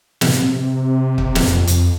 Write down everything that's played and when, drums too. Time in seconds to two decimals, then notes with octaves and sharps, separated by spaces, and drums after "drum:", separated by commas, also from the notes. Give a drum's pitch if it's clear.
0.21 C3, drum: snare
1.18 drum: kick
1.35 drum: snare
1.46 F2
1.67 F2, drum: hi-hat